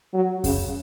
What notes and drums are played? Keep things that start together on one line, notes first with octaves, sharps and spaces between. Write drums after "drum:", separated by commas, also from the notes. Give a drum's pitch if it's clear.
F#3
C#3, drum: kick F2, open hi-hat